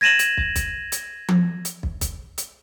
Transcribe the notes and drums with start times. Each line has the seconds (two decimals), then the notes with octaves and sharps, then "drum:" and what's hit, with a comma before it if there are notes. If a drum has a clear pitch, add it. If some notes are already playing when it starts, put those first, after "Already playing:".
0.01 G#6 A#6 D#7 E7 F#7
0.19 drum: hi-hat
0.37 drum: kick
0.56 drum: kick, hi-hat
0.92 drum: hi-hat
1.28 drum: tom F3
1.65 drum: hi-hat
1.83 drum: kick
2.01 drum: kick, hi-hat
2.38 drum: hi-hat